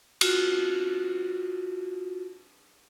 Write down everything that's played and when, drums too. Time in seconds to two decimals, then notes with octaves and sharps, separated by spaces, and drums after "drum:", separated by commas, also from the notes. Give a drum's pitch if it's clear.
0.21 F4 F#4, drum: cymbal